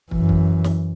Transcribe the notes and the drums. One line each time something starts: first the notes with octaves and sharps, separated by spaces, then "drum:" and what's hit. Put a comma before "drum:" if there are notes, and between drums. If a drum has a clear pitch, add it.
F#2 E3, drum: kick
drum: kick
drum: snare